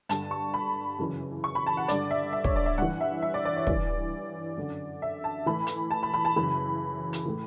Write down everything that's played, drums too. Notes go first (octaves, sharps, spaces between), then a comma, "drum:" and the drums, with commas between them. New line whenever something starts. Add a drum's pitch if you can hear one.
G2 D3 A5, drum: hi-hat
C#6
B5
F#2 C#3 E3
C#6
B5
A5
F#5
G2 D3 D5, drum: hi-hat
E5
E5
C#5, drum: kick
D5
E5
G2 E3 F#5
E5
E5
D5
D5
C#5
G2 E3 D5, drum: kick
F#2 D3
E5
A5
A2 E3 B5
drum: hi-hat
A5
B5
B5
A5
F#2 C#3 E3 B5
drum: hi-hat
A2 E3